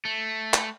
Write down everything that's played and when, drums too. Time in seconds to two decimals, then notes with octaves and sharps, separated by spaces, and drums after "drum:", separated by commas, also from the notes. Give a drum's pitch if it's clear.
0.05 A3
0.54 drum: clap